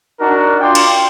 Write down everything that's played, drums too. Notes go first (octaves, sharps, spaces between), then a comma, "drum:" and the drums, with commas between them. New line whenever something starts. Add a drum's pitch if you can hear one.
D4 D#4 F#4 A#4
F4 D5 G5 C6
drum: cymbal